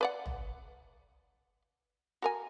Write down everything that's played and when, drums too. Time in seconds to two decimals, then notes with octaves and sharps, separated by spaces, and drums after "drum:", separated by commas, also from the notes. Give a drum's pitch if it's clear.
0.01 B4 D5 F#5
0.26 drum: tom
2.22 F#4 A#4 G#5